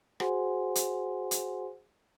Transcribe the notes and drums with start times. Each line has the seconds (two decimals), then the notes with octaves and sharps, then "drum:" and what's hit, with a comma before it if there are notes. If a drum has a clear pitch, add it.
0.20 F#4 G#4 C5 F#5 G#5 C6, drum: rim click
0.75 drum: hi-hat
1.31 drum: hi-hat